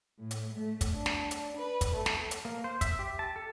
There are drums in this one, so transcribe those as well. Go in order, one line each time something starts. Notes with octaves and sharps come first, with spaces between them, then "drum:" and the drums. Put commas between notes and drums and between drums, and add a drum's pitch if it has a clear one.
A2
drum: hi-hat
A3
drum: kick, hi-hat
D4
drum: snare
drum: hi-hat
B4
drum: kick, hi-hat
A3
drum: snare
drum: hi-hat
A#3
C5
E5, drum: kick, hi-hat
G4
A5
A4